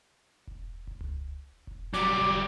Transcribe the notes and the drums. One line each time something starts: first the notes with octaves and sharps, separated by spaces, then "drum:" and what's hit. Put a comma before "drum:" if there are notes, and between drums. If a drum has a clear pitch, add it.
drum: kick E1
drum: kick E1
drum: tom C#2
drum: kick E1
F#3 G3 D6, drum: snare
drum: kick E1